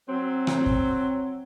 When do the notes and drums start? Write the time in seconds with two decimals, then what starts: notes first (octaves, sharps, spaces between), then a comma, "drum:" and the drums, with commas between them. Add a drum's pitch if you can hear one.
0.09 F#3 C4
0.47 drum: rim click
0.66 drum: kick